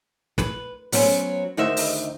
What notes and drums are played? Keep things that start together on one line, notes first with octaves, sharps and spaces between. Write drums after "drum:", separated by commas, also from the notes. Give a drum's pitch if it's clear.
B4, drum: snare
F#3 B3 C#4 C5, drum: open hi-hat
D2 D#3 F#4 C5 D#5 E5
drum: open hi-hat